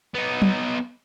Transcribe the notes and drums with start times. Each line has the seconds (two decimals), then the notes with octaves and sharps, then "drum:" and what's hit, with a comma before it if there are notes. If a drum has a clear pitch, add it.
0.14 B3 D#4
0.42 drum: tom F#3